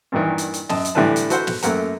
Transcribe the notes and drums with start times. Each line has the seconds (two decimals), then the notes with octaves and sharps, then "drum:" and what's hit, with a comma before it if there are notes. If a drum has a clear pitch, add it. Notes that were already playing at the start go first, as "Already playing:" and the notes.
0.12 G2 A#2 D#3 E3
0.38 drum: hi-hat
0.54 drum: hi-hat
0.69 F#2 D#5 A5, drum: snare
0.85 drum: hi-hat
0.95 A2 D3 E3 G3 B4 A5
1.16 drum: hi-hat
1.30 F#4 A4 B4 C5 F#5, drum: hi-hat
1.47 drum: snare
1.63 F#2 A3 A#3 F#5 A#5, drum: hi-hat